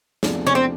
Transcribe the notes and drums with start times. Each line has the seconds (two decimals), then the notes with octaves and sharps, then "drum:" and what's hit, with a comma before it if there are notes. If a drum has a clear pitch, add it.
0.23 E2 C3 F3 A3 D4, drum: snare
0.47 C#4
0.55 C4